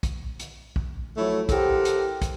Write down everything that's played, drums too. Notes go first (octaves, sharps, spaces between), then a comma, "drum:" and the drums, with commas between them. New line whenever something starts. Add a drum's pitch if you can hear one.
drum: kick, hi-hat
drum: hi-hat
drum: kick
F3 F#3 A3 E4 C#5
E4 G4 A4 A#4 C5 F#5, drum: kick, hi-hat
drum: hi-hat
drum: kick, hi-hat